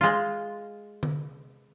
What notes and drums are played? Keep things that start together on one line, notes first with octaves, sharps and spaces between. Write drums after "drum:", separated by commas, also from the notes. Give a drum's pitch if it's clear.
G#3 F4
drum: tom D3